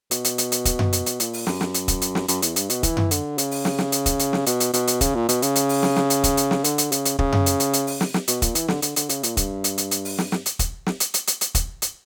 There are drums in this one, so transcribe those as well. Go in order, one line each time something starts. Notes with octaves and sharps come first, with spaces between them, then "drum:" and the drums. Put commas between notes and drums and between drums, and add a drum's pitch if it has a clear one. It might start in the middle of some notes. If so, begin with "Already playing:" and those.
B2, drum: hi-hat
drum: hi-hat
drum: hi-hat
drum: hi-hat
drum: kick, hi-hat
drum: tom F#2
drum: hi-hat
drum: hi-hat
A#2, drum: hi-hat
drum: open hi-hat
F#2, drum: snare
drum: snare
drum: hi-hat
drum: kick, hi-hat
drum: hi-hat
drum: snare
F#2, drum: hi-hat
E2, drum: hi-hat
G2, drum: hi-hat
B2, drum: hi-hat
E3, drum: kick, hi-hat
drum: tom F#2
D3, drum: hi-hat
C#3, drum: hi-hat
drum: open hi-hat
drum: snare
drum: snare
drum: hi-hat
drum: kick, hi-hat
drum: hi-hat
drum: snare
B2, drum: hi-hat
drum: hi-hat
B2, drum: hi-hat
drum: hi-hat
C#3, drum: kick, hi-hat
A#2
B2, drum: hi-hat
C#3, drum: hi-hat
drum: hi-hat
drum: open hi-hat
drum: snare
drum: snare
drum: hi-hat
drum: kick, hi-hat
drum: hi-hat
drum: snare
D3, drum: hi-hat
drum: hi-hat
C#3, drum: hi-hat
drum: hi-hat
C#3, drum: kick
drum: tom F#2
drum: hi-hat
drum: hi-hat
drum: hi-hat
drum: open hi-hat
drum: snare
drum: snare
B2, drum: hi-hat
A#2, drum: kick, hi-hat
E3, drum: hi-hat
D3, drum: snare
D3, drum: hi-hat
D3, drum: hi-hat
C#3, drum: hi-hat
A#2, drum: hi-hat
G2, drum: kick, hi-hat
drum: hi-hat
drum: hi-hat
drum: hi-hat
drum: open hi-hat
drum: snare
drum: snare
drum: hi-hat
drum: kick, hi-hat
drum: snare
drum: hi-hat
drum: hi-hat
drum: hi-hat
drum: hi-hat
drum: kick, hi-hat
drum: hi-hat